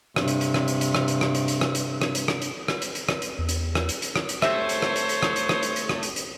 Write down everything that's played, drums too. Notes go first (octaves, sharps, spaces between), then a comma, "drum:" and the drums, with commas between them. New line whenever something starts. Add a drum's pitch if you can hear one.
G2 C3, drum: rim click
drum: hi-hat
drum: hi-hat
drum: rim click
drum: hi-hat
drum: hi-hat
drum: rim click
drum: hi-hat
drum: rim click
drum: hi-hat
drum: hi-hat
drum: rim click
drum: hi-hat
drum: rim click
drum: hi-hat
drum: rim click
drum: hi-hat
drum: rim click
drum: hi-hat
drum: hi-hat
drum: rim click
drum: hi-hat
E2
drum: hi-hat
drum: rim click
drum: hi-hat
drum: hi-hat
drum: rim click
drum: hi-hat
A3 C4 G4 C5 C#5 E5, drum: rim click
drum: hi-hat
drum: rim click
drum: hi-hat
drum: hi-hat
drum: rim click
drum: hi-hat
drum: rim click
drum: hi-hat
drum: hi-hat
drum: rim click
drum: hi-hat
drum: hi-hat